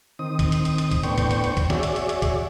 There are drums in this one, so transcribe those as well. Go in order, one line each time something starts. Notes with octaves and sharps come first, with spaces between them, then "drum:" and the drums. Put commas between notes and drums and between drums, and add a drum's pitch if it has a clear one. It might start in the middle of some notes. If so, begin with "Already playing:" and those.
D#3 C4 D#6
drum: kick, hi-hat
drum: hi-hat
drum: hi-hat
drum: hi-hat
drum: kick, hi-hat
A2 B3 D4 C5 G5 C#6, drum: hi-hat
drum: kick, hi-hat
drum: hi-hat
drum: hi-hat
drum: kick, hi-hat
F#4 G#4 C#5 D5 E5, drum: snare
drum: hi-hat
drum: hi-hat
drum: hi-hat
drum: kick, hi-hat